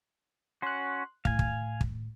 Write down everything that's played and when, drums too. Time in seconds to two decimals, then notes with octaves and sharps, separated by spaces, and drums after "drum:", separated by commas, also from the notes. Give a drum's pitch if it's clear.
0.62 C#4 F#4 C6 F#6
1.25 A2 F5 G#5, drum: kick
1.39 drum: kick
1.81 drum: kick